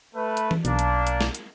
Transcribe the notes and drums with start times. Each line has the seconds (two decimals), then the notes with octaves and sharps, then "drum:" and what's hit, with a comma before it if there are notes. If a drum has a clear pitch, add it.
0.15 A3 B4
0.37 drum: hi-hat
0.51 drum: tom E3
0.65 B1 A#3 D4, drum: hi-hat
0.79 drum: hi-hat
1.07 drum: hi-hat
1.21 drum: snare
1.35 drum: hi-hat